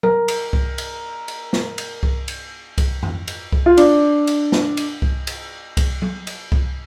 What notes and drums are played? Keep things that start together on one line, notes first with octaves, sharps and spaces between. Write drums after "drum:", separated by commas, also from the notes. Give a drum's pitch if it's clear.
A#4, drum: tom F#3
drum: cymbal
drum: kick C2
drum: cymbal
drum: cymbal
drum: snare
drum: cymbal
drum: kick C2
drum: cymbal
drum: kick C2, cymbal
drum: tom F2
drum: cymbal
drum: kick C2
F4
D4, drum: cymbal
drum: cymbal
drum: snare
drum: cymbal
drum: kick C2
drum: cymbal
drum: kick C2, cymbal
drum: tom F#3
drum: cymbal
drum: kick C2